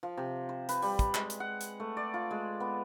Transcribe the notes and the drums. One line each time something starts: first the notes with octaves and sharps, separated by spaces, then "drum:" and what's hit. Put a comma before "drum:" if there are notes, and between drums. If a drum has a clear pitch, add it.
F3
C3
C5
B4, drum: hi-hat
G3, drum: open hi-hat
drum: kick, hi-hat
G#3, drum: clap
drum: hi-hat
F#5
drum: hi-hat
A3
D5
F4
G#3
B3